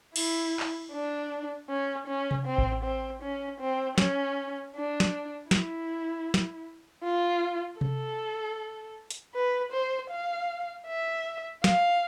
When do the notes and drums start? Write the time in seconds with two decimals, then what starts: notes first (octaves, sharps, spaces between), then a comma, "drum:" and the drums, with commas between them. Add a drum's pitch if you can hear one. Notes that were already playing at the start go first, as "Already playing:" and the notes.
0.16 E4, drum: cymbal
0.60 drum: clap
0.92 D4
1.69 C#4
2.07 C#4
2.31 drum: tom C3
2.46 C4
2.58 drum: kick A1
2.84 C4
3.22 C#4
3.60 C4
3.98 C#4, drum: snare
4.75 D4
5.00 drum: snare
5.51 E4, drum: snare
6.34 drum: snare
7.04 F4
7.81 A4, drum: tom C3
9.10 drum: hi-hat
9.35 B4
9.72 C5
10.11 F5
10.87 E5
11.64 F5, drum: snare